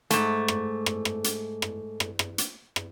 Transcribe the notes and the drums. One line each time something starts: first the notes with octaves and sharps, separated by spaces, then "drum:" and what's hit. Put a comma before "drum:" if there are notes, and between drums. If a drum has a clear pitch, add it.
G#2 A3, drum: hi-hat
drum: rim click
drum: rim click
drum: rim click
drum: hi-hat
drum: rim click
drum: rim click
drum: rim click
drum: hi-hat
drum: rim click